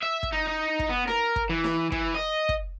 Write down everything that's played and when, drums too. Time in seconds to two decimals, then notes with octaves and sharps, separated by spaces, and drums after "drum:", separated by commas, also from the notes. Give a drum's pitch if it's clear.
0.03 E5
0.23 drum: kick
0.32 D#4
0.47 D#4
0.79 drum: kick
0.89 B3
1.08 A#4, drum: snare
1.36 drum: kick
1.49 E3
1.64 drum: snare
1.92 E3, drum: kick
2.14 D#5
2.49 drum: kick